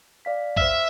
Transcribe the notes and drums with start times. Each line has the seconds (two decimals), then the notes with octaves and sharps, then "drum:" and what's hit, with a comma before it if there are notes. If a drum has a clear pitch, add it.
0.25 D5 F5 B6
0.57 C5 E5 F6, drum: kick